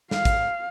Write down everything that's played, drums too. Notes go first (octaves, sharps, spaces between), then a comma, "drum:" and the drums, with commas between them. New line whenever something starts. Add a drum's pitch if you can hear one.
F5, drum: snare
drum: kick G#1, hi-hat